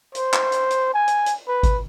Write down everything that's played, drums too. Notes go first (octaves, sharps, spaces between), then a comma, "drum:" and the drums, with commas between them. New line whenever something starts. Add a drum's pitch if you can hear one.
C5, drum: hi-hat
drum: clap
drum: hi-hat
drum: hi-hat
G#5
drum: hi-hat
drum: hi-hat
B4
drum: kick G#1, hi-hat